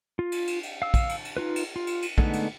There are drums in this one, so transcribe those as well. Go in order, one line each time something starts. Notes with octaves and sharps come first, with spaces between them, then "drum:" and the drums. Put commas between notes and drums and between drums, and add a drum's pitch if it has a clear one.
F4
drum: cymbal
drum: cymbal
drum: cymbal
F5 E6
drum: kick, cymbal
drum: cymbal
drum: cymbal
D#4 F4 B4
drum: cymbal
F4
drum: cymbal
drum: cymbal
D3 G#3 A3 B3 D#4, drum: kick
drum: cymbal